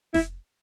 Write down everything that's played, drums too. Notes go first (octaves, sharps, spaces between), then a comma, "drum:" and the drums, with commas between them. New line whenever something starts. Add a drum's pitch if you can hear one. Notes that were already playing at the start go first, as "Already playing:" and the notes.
E4, drum: snare F1